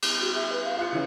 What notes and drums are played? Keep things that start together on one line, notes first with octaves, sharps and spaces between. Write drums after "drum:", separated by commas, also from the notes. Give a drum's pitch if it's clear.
drum: cymbal
F#4
E5
B4
F5
F4 F5 F#6 C#7
C#3 E3 C#4